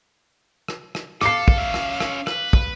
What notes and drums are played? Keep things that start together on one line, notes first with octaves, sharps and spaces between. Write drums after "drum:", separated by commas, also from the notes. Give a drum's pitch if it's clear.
drum: rim click
drum: rim click
A4 F5 D6 C7, drum: rim click
drum: kick
C#4 E5
drum: rim click
drum: rim click
B4, drum: rim click
drum: kick